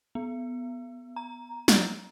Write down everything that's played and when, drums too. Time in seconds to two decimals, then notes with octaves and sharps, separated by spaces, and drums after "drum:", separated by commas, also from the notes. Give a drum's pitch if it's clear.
0.15 B3
1.16 A#5
1.68 drum: snare